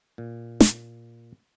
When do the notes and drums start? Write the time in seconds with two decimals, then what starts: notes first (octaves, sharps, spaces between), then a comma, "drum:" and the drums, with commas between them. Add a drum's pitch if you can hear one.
0.18 A#2
0.61 drum: snare